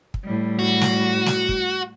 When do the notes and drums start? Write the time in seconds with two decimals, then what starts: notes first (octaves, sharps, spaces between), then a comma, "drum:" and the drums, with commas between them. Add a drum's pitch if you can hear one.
0.14 drum: kick
0.24 A2 G3
0.59 F#4
0.81 drum: snare
1.26 drum: snare
1.49 drum: kick